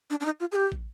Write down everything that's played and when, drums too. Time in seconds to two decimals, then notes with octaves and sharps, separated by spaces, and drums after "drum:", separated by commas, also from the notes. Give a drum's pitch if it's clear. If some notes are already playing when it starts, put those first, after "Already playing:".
0.10 D4
0.20 D4
0.25 D#4
0.40 F4
0.52 G#4
0.56 G4
0.72 drum: kick